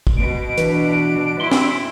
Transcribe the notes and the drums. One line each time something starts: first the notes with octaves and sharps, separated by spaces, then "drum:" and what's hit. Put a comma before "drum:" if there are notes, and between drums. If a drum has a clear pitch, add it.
drum: kick
B2 D7
E3 D4, drum: hi-hat
E4 C6
drum: snare